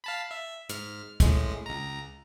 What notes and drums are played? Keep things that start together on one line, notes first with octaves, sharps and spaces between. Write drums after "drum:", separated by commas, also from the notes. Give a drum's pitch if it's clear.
F5 A5 B5
E5
G#2 F6, drum: hi-hat
A1 A2 G#3, drum: kick, hi-hat
C#2 A#5